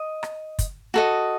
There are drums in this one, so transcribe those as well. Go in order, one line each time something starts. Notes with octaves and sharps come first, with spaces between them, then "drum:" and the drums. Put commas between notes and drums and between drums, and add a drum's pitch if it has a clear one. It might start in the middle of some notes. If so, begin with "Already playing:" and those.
Already playing: D#5
drum: rim click
drum: kick, hi-hat
F#4 A4 D#5